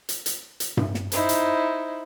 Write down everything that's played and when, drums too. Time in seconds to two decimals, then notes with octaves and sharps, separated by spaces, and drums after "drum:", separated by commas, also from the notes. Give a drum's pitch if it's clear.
0.09 drum: hi-hat
0.26 drum: hi-hat
0.60 drum: hi-hat
0.77 drum: tom G2
0.94 drum: snare
1.12 D#4 E4 C5, drum: hi-hat
1.29 drum: hi-hat